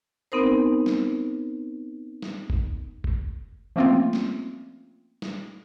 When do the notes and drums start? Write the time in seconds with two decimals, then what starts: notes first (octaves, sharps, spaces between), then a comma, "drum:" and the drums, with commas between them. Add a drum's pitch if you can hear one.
0.32 B3 C4 D#4 A#4 C5
0.86 drum: snare
2.22 drum: snare
2.50 drum: kick F#1
3.04 drum: kick F#1
3.76 F3 A3 A#3 C4 C#4 F4
4.13 drum: snare
5.22 drum: snare